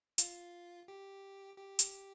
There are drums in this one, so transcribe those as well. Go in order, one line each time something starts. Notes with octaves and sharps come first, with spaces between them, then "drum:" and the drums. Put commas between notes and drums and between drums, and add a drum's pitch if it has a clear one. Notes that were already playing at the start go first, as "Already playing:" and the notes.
F4, drum: hi-hat
G4
G4
drum: hi-hat